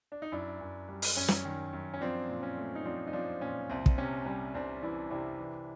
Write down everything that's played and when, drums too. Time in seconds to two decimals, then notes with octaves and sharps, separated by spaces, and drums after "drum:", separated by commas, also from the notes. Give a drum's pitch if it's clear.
0.12 D4
0.22 D#4
0.32 F#2 D4 E4
0.61 F#2
0.89 G3
1.02 drum: open hi-hat
1.16 F#2 C#4
1.28 drum: snare
1.45 D#3
1.73 F#2
1.94 C#4
2.01 F3 C4 D4
2.29 A#2
2.43 C#4
2.57 A3
2.75 D#4
2.85 F3 C4 D4
3.07 D#4
3.13 F3 C4 D4
3.41 A#2 C#4
3.70 C2 C4
3.86 drum: kick
3.98 C3 C#4
4.26 G3 C#4
4.54 C2 C4 D4
4.82 E3 D4 E4
5.11 C3 D4 E4
5.40 E3